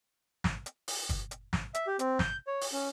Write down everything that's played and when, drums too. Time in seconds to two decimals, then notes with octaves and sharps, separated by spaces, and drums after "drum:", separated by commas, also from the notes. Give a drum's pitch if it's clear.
0.44 drum: snare
0.66 drum: hi-hat
0.88 drum: open hi-hat
1.09 drum: kick, hi-hat
1.31 drum: hi-hat
1.53 drum: snare
1.74 E5, drum: hi-hat
1.87 G4
1.99 C4, drum: hi-hat
2.19 G6, drum: snare
2.47 C#5
2.61 drum: open hi-hat
2.72 C#4